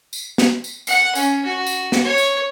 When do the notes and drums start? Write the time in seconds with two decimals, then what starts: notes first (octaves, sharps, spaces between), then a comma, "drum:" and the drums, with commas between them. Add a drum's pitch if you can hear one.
0.13 drum: tambourine
0.38 drum: snare
0.64 drum: tambourine
0.87 F#5, drum: tambourine
1.15 C#4, drum: tambourine
1.45 F#4
1.67 drum: tambourine
1.92 drum: snare
2.04 C#5
2.18 drum: tambourine